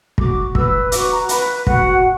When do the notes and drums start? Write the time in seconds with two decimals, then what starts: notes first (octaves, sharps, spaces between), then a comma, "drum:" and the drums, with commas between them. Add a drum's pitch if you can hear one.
0.18 F#4 D6, drum: kick
0.55 B4 E6, drum: kick
0.92 F#4 D6, drum: hi-hat
1.11 A#5
1.29 B4 B5, drum: hi-hat
1.67 F#4 F#5, drum: kick